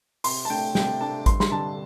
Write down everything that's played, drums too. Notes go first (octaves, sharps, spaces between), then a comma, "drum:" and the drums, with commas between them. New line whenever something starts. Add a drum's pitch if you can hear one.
C3 C6, drum: open hi-hat
A5
A3 D4 G5
C3 G5, drum: snare
A3 D4 A5
G2 C6, drum: kick A1, hi-hat
C6, drum: snare
D3 G3 D4 A5